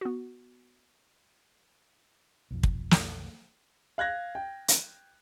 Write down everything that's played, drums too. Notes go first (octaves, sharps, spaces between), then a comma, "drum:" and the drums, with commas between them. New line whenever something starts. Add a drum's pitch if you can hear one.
B3 F#4
B1 F2
drum: kick
drum: snare
F5 F#6 G#6 A#6
G5
drum: hi-hat